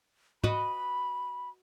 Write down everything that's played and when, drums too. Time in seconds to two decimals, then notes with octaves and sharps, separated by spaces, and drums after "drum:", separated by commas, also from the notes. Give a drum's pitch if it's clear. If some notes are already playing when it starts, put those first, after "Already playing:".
0.44 F#4 B4 D#5 B5, drum: tom